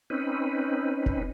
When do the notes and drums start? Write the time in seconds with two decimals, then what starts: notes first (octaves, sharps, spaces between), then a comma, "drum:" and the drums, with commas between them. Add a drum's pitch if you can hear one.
0.10 C4 C#4 D#4 B4
1.06 drum: kick F1